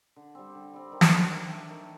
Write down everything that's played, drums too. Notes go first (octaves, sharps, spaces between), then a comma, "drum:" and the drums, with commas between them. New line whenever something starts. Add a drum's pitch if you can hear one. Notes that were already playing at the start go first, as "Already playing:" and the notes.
D3
G3 C4
D3
G3 C4
D#3
drum: snare
A3
D4
D#3
A3 D4
D#3